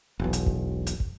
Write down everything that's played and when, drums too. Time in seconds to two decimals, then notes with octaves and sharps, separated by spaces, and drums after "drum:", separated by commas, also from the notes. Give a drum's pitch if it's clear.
0.19 E1 B1
0.33 drum: hi-hat
0.46 drum: kick
0.87 drum: hi-hat
1.00 drum: kick